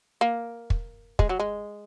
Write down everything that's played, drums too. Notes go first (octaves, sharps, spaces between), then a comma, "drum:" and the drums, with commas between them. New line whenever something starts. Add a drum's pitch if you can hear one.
A#3
drum: kick
G#3, drum: kick
F#3
G#3